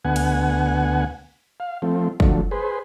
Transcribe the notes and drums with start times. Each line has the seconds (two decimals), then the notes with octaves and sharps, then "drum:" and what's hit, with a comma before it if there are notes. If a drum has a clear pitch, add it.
0.05 D2 B3 F#5 G#5
0.16 drum: cymbal
1.60 F5
1.82 F3 A3 C4
2.20 D3 F3 F#3 A3, drum: kick
2.51 G#4 B4 C5